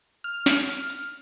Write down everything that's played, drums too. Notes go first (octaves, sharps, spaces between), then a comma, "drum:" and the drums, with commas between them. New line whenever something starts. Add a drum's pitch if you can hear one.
F6
drum: snare
drum: hi-hat